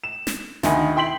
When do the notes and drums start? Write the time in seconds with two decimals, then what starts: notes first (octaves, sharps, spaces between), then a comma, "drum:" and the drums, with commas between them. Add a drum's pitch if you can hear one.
0.04 E7
0.27 drum: snare
0.63 D2 D#3 D#5 G#5 B5, drum: snare
0.96 E4 G5 C6 B6 F#7